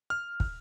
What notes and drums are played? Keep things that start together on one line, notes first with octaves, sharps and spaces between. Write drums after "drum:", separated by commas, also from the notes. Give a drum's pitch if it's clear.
F6
drum: kick